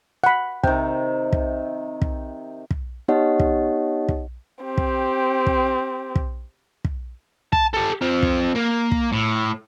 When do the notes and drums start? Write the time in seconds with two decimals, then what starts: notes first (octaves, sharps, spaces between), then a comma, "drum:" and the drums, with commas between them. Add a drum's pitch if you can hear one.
0.24 F#5 B5
0.64 C3 D#3 G5, drum: kick
1.33 drum: kick
2.02 drum: kick
2.71 drum: kick
3.08 B3 D#4 G4 C#5 D#5 F#5
3.40 drum: kick
4.09 drum: kick
4.64 C4 G4
4.78 drum: kick
5.47 drum: kick
6.16 drum: kick
6.85 drum: kick
7.53 A5, drum: kick
7.73 G4 A4
8.01 C4 F4
8.22 drum: kick
8.56 A#3
8.91 drum: kick
9.13 A2